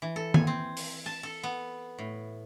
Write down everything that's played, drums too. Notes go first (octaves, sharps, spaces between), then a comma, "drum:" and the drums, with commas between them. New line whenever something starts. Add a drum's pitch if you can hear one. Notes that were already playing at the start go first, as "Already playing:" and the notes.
E3
A4
G#5, drum: tom D#3
C4
drum: open hi-hat
A5
A4
B3
A2